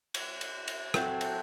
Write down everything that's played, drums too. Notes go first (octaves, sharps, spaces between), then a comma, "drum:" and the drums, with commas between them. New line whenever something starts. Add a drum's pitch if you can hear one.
drum: cymbal
drum: cymbal
drum: cymbal
F#3 A3 C4, drum: rim click
drum: cymbal